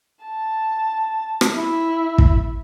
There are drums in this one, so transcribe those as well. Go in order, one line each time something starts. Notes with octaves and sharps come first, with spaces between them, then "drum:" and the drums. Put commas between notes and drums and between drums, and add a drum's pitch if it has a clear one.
A5
drum: rim click
E4
drum: kick